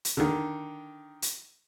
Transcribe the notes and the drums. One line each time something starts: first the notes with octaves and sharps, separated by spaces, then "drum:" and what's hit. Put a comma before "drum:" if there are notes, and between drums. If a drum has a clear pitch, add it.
drum: hi-hat
D3 D#3
drum: hi-hat